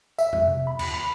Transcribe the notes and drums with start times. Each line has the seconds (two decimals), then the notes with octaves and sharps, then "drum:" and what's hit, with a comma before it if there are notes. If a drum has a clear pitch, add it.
0.19 E5, drum: tambourine
0.33 drum: tom F2
0.47 C3
0.67 B5
0.79 D#2, drum: cymbal
0.94 B5